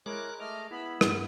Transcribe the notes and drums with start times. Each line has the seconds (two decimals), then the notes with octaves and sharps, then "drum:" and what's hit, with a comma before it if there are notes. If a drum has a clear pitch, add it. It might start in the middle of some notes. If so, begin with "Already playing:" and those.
0.06 G#3 E4 A#4 C#5 D6 F#6
0.40 A3 D#5 D6 F6
0.71 B3 E4 B5
1.01 G2, drum: rim click